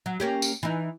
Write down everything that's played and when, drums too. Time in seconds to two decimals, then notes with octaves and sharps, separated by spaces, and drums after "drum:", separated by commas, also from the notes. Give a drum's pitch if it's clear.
0.06 F#3
0.20 A#3 C#4 G4
0.42 drum: tambourine
0.63 E3 D#4